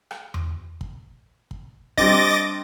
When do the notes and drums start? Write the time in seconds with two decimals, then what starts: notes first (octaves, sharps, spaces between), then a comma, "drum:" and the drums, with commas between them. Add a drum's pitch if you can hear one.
0.11 drum: rim click
0.34 drum: tom E2
0.81 drum: kick
1.51 drum: kick
1.98 G3 C4 D4 D#5 D6 A6 A#6, drum: kick